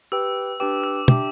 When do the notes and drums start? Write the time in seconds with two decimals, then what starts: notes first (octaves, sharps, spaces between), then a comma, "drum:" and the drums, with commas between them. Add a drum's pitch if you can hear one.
0.12 G4 B4 G5 E6
0.60 D4 G4 B4 G5 D6
0.84 E6
1.08 D4 G4 E5 G5 D6, drum: tom